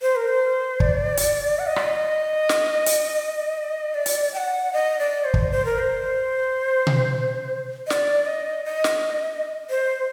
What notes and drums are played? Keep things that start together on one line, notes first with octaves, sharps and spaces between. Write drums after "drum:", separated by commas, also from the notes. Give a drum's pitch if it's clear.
C5
A#4
C5
D5, drum: kick
drum: hi-hat
F#5
D#5
D5, drum: rim click
D#5
drum: snare
drum: hi-hat
D5
drum: hi-hat
G5
F#5
D#5
D5
C5
drum: kick
C5
A#4
C5
drum: tom B2
D#5
D5, drum: snare
D#5
D#5
drum: snare
C5
C5